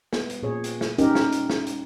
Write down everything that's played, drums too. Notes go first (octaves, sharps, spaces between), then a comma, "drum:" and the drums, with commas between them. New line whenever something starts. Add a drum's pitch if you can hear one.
B3, drum: snare
drum: hi-hat
A#2 G#4 C#5
drum: hi-hat
drum: snare
C#4 D#4 G4 A#4, drum: hi-hat
drum: snare
drum: hi-hat
drum: snare
drum: hi-hat